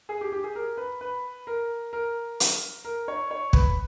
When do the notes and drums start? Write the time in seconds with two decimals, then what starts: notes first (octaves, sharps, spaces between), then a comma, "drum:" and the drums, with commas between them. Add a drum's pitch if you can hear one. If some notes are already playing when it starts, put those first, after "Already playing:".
0.09 G#4
0.21 G4
0.32 G4
0.44 G#4
0.55 A#4
0.77 B4
1.01 B4
1.47 A#4
1.93 A#4
2.40 drum: hi-hat
2.85 A#4
3.08 C#5
3.31 C#5
3.53 B4, drum: kick